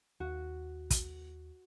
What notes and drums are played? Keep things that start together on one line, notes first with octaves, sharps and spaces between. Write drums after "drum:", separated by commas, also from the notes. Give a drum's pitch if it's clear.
D#2 F#4
drum: kick, hi-hat